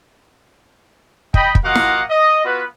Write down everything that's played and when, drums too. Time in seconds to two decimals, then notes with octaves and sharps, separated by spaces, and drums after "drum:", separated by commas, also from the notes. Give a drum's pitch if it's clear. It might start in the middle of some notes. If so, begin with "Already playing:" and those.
1.34 D#5 G5 B5, drum: kick
1.55 drum: kick
1.64 A#3 F4 F#4 D#5 F5 F#5
1.75 drum: snare
2.09 D#5
2.45 B3 F4 F#4 B4